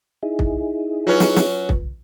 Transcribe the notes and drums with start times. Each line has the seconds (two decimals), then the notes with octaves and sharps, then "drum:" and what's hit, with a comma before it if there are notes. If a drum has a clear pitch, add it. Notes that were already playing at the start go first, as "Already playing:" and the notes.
0.23 D#4 E4 G#4
0.39 drum: kick
1.07 F#3 C#4 F4 B4
1.20 drum: snare
1.36 drum: snare
1.69 drum: kick